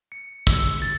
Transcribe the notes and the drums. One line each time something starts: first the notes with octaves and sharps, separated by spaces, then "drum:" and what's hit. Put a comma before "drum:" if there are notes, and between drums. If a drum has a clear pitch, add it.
C#7
E6, drum: kick
A6